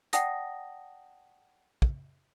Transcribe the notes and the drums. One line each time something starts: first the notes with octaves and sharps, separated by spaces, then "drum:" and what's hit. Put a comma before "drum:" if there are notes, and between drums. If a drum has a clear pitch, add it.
D5 F#5 G5 A5 D#6 A#6, drum: hi-hat
drum: kick